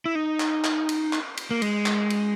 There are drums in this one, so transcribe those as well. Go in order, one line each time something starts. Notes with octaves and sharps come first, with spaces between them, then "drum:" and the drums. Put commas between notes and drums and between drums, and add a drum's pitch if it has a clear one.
E4
D#4
drum: clap
drum: clap
drum: cymbal
drum: clap
drum: cymbal
A#3
G#3, drum: cymbal
drum: clap
drum: cymbal